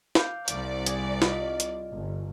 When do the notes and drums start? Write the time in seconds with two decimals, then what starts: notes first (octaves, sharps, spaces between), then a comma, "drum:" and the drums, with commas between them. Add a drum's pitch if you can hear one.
0.15 F5 D6 G6, drum: snare
0.48 C2 D5, drum: hi-hat
0.86 G#4, drum: hi-hat
1.22 F4 D#5 B6, drum: snare
1.60 drum: hi-hat
1.92 G1